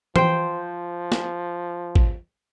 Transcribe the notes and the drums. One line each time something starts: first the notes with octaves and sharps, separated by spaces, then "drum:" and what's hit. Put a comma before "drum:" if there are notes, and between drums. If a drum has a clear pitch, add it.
F3 C5 G5, drum: tom E3
drum: snare
drum: kick